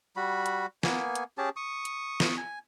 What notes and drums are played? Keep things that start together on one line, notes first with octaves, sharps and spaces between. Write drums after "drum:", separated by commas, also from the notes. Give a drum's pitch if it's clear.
G3 F#4 B5
drum: hi-hat
A#3 B3 G#5, drum: snare
drum: hi-hat
C#4 G4 G#4 A5
C#6 D#6
drum: hi-hat
drum: snare
G#5